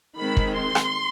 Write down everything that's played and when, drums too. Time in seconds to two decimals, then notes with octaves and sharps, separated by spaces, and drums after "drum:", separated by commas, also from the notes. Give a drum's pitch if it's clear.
0.17 D#3 G#3 C4 B5
0.37 drum: kick
0.56 C6
0.75 drum: rim click